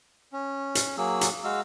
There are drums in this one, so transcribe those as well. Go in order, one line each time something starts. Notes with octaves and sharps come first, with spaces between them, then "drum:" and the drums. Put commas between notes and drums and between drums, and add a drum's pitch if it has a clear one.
C#4
drum: hi-hat
F#3 A#3 G#4 E6
drum: hi-hat
G#3 F#4 F5 E6